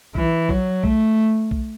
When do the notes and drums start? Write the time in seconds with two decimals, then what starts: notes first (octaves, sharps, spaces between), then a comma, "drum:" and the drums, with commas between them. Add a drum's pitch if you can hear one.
0.15 E3, drum: kick B1
0.49 F#3, drum: kick B1
0.84 A3, drum: kick B1
1.51 drum: kick B1